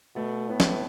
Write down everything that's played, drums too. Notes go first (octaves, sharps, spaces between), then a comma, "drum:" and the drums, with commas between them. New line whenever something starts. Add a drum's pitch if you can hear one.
B2 A3
A2 B3
drum: snare